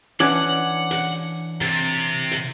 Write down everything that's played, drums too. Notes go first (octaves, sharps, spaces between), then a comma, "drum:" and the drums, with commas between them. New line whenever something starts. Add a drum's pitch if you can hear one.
E3 C#4 D4 F#5 D6 G#6, drum: hi-hat
drum: hi-hat
C3 A6, drum: hi-hat
drum: hi-hat